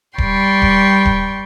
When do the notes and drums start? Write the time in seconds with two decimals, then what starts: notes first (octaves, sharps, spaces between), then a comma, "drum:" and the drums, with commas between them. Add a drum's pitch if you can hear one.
0.18 G3 B4 D5 G5 C6 C#6, drum: kick D#1
0.62 drum: kick D#1
1.05 drum: kick D#1